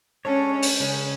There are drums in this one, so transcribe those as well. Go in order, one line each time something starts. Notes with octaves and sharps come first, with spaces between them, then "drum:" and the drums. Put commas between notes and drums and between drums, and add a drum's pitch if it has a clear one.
G#3 C#4 D4 A4 C#5
drum: open hi-hat
C#3 G#3 C#4